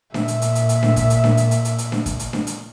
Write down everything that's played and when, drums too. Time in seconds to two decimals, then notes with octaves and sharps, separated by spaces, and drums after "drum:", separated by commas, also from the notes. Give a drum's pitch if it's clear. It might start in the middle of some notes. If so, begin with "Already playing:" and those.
0.14 A#2 E5, drum: snare D4
0.28 drum: hi-hat
0.42 drum: hi-hat
0.55 drum: hi-hat
0.69 drum: hi-hat
0.83 drum: snare D4
0.96 drum: kick, hi-hat
1.10 drum: hi-hat
1.24 drum: snare D4
1.37 drum: hi-hat
1.51 drum: hi-hat
1.65 drum: hi-hat
1.78 drum: hi-hat
1.92 drum: snare D4
2.06 drum: kick, hi-hat
2.19 drum: hi-hat
2.33 drum: snare D4
2.47 drum: hi-hat